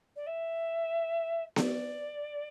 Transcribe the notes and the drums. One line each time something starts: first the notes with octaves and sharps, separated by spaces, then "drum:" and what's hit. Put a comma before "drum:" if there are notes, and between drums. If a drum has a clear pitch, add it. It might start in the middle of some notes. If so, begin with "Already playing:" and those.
D5
E5
D5, drum: snare B3